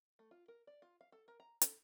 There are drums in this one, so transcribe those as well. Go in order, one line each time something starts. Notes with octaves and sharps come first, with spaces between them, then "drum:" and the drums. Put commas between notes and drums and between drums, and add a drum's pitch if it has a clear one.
A3
F4
A#4
D5
F4
F5
A4
A#4
A#5
A4, drum: hi-hat